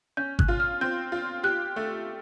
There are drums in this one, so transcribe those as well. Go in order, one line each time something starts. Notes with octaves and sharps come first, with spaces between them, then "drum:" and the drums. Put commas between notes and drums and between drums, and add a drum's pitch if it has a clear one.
C#4 G6
F#6, drum: kick G#1
F4
F6
C4 G6
F4
G4 F#6
A3